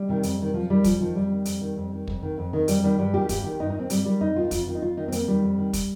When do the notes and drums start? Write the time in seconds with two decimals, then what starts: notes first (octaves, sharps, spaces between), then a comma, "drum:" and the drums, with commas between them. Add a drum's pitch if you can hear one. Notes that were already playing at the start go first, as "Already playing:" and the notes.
Already playing: G3
0.09 C3 D#3
0.23 F2, drum: hi-hat
0.39 C3 D#3
0.54 F2 F3
0.70 D#3 G3
0.84 F2 F3, drum: kick, hi-hat
1.00 D#3 F3
1.15 F2 G3
1.31 D#3
1.45 F2, drum: hi-hat
1.61 D#3
1.76 F2
1.92 D#3
2.08 F2, drum: kick
2.23 D#3
2.38 F2
2.53 D#3
2.68 F2 G3, drum: hi-hat
2.84 D#3 G3
2.99 G2 G3
3.14 D#3 G4
3.29 G2 G4, drum: kick, hi-hat
3.44 D#3 G4
3.60 G2 D#4
3.70 D#4
3.75 D#3
3.80 C4
3.90 G2 G3, drum: hi-hat
4.05 D#3 G3
4.20 F2 D#4
4.35 D#3 F4
4.45 D#4
4.51 F2 F4, drum: kick, hi-hat
4.66 D#3 F4
4.75 D#4
4.82 F2 F4
4.97 D#3 D#4
5.08 C4
5.12 F2 A#3, drum: hi-hat
5.28 D#3 G3
5.43 F2
5.58 D#3
5.73 drum: kick, hi-hat